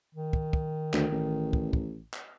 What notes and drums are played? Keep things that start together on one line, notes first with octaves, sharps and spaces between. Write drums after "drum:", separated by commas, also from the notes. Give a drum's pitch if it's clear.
D#3
drum: kick
drum: kick
D2, drum: clap
A1
drum: kick
drum: kick
drum: clap